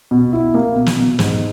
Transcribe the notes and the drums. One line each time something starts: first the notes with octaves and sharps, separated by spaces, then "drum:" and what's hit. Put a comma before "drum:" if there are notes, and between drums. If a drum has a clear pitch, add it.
B2
E4
A#3
B2
drum: snare
B2
G#2, drum: snare